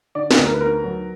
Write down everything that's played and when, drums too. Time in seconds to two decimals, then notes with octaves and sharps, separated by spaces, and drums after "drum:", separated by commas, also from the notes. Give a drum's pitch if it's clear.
0.15 D3 D5
0.31 B4, drum: snare
0.38 D2
0.46 A#4
0.54 B4
0.61 B3 A#4
0.84 F#3